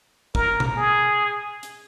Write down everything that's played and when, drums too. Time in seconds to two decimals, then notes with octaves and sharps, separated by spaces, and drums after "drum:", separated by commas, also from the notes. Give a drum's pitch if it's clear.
0.35 A#4, drum: kick
0.60 drum: tom B2
0.77 G#4
1.63 drum: hi-hat